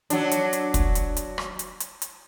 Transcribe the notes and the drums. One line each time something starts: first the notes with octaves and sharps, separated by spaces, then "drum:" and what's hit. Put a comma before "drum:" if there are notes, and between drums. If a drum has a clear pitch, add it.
F#3 D4, drum: hi-hat
drum: hi-hat
drum: hi-hat
drum: kick, hi-hat
drum: hi-hat
drum: hi-hat
drum: rim click
drum: hi-hat
drum: hi-hat
drum: hi-hat